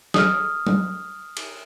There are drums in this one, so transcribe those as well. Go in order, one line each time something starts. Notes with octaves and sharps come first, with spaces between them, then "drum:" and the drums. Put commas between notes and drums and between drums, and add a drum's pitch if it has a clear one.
D#6 F6, drum: snare
drum: tom F#3
drum: cymbal